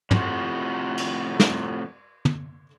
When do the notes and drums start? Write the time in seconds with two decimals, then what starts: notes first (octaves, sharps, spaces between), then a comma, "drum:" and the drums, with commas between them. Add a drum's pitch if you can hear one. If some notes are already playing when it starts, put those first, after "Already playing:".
0.11 A2 C3 F3 F#4, drum: tom
0.97 drum: cymbal
1.40 drum: snare
2.25 drum: tom